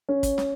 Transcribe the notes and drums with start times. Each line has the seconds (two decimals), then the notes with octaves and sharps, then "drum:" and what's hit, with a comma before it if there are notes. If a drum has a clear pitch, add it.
0.09 C#4
0.23 drum: kick, hi-hat
0.38 drum: snare